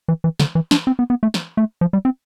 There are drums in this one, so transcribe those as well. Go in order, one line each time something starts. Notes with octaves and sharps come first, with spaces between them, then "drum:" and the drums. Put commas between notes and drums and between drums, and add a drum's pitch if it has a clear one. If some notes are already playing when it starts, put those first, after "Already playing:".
E3
E3
D3, drum: snare
E3
D4, drum: snare
C4
B3
B3
A3
drum: snare
A3
F3
G3
C4